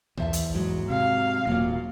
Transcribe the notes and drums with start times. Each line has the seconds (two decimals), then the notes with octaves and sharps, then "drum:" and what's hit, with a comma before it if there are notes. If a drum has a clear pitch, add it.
0.17 E2 C5 E5 A5, drum: tom B1
0.33 drum: hi-hat
0.54 G#2 F#3 G#3
0.90 C3 F5
1.47 E1 A#2 F#3 A#3